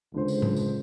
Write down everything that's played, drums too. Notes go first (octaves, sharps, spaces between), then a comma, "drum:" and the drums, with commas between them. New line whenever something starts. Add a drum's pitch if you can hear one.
C#2 D3 C5
drum: tambourine
drum: tom
drum: tambourine